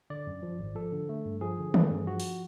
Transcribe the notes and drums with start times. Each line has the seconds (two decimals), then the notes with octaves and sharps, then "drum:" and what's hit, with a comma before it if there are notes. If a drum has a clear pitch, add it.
0.10 D3 D5
0.27 F#2
0.43 F3
0.59 G#1
0.75 F3 A4
0.92 D3
1.09 A3
1.25 G2
1.41 F3 G#4
1.59 D3
1.74 A3, drum: tom D#3
1.91 G2
2.07 F3 F#4
2.20 drum: open hi-hat